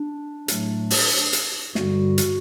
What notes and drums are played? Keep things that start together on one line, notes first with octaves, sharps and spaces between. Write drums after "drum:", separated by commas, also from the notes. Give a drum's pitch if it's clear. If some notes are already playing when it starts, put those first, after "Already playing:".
Already playing: D4
A2 F#3 A3, drum: hi-hat
drum: open hi-hat
drum: hi-hat
G2 D3 G3 F#4, drum: snare
drum: hi-hat